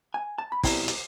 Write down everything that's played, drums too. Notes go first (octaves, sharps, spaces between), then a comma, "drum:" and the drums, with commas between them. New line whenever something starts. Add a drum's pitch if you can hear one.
G#5
A5
B5
B2 G3 C4 E4 A#5, drum: kick, open hi-hat
drum: hi-hat